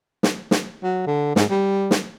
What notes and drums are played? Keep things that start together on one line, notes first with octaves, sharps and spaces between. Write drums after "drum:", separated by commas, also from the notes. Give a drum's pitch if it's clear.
drum: snare
drum: snare
F#3
D3
G#2, drum: snare
G3
drum: snare